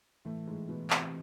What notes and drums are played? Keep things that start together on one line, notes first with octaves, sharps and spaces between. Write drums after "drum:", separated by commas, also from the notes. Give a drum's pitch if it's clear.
A2 E3 A3
G#2 G#3
B2 B3
C3 C4, drum: clap